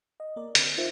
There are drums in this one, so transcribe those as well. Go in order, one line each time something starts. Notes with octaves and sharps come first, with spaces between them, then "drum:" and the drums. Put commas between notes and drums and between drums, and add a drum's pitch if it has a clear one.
D#5
A#3 A#4 D5
D3 C4, drum: hi-hat
D#4 F4 A#4 C5 E5